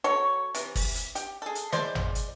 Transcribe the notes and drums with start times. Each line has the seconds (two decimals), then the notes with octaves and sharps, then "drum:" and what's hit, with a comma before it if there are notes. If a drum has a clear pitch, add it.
0.04 F#3 A4 C#5 C#6
0.55 C3 E3, drum: hi-hat
0.75 drum: kick, open hi-hat
0.95 drum: hi-hat
1.15 G4, drum: hi-hat
1.42 G#4 A4
1.55 drum: hi-hat
1.72 G#3 E4 C5 D5, drum: snare
1.95 drum: tom
2.15 drum: hi-hat